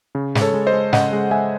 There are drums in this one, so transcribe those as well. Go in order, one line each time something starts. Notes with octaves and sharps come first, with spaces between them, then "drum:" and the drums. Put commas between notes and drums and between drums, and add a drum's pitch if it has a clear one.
C#3
G#3, drum: snare
A4 C#5
G#3
C5 D#5
G#3
C#3 D#5 F#5, drum: snare
G#3
G#3 E5 G#5